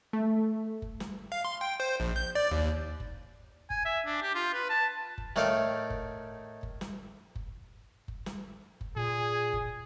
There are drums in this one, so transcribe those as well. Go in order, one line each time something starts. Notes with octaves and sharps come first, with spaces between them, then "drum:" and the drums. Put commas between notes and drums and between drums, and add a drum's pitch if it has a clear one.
A3
drum: kick F#1
drum: snare
F5
C6
G5
C5
A#1
G6
D5
D#2
drum: kick F#1
G#5, drum: kick F#1
E5
D4
G4
F4
B4
A5
drum: kick F#1
A2 D#3 A3 D5 F5 D6, drum: snare
drum: kick F#1
drum: kick F#1
drum: snare
drum: kick F#1
drum: kick F#1
drum: snare
drum: kick F#1
A#2 G#4
drum: kick F#1